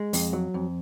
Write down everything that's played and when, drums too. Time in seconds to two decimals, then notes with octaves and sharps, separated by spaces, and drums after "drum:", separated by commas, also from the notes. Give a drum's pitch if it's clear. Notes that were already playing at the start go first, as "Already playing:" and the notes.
Already playing: G#3
0.13 F2, drum: open hi-hat
0.33 F#3
0.54 F2